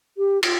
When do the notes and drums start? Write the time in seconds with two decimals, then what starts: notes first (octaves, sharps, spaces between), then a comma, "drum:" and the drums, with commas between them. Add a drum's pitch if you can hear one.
0.18 G4
0.43 F4, drum: cymbal